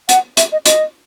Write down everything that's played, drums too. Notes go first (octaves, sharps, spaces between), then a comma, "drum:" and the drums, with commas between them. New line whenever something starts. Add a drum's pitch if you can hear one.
F#5, drum: hi-hat
E5, drum: hi-hat
D#5
D#5, drum: hi-hat